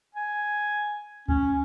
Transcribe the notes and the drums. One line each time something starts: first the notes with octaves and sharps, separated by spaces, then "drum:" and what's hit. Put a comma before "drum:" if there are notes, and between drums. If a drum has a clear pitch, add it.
G#5
C#4, drum: kick C#2